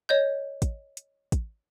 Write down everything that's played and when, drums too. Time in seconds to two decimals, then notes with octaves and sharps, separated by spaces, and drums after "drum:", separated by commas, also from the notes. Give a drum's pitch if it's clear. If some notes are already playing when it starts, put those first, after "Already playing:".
0.09 C#5 D#5 G6
0.62 drum: kick, hi-hat
0.97 drum: hi-hat
1.32 drum: kick, hi-hat